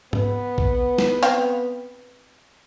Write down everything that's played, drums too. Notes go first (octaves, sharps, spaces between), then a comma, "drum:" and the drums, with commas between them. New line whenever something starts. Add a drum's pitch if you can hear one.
B3 B4, drum: tom G#2
drum: kick
drum: snare
C4 F5 G5, drum: hi-hat